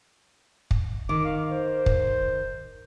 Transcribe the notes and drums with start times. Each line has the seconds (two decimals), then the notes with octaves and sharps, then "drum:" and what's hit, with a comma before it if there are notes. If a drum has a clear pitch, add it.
0.71 drum: kick
1.09 D#3 D6
1.25 F5
1.51 C5
1.86 drum: kick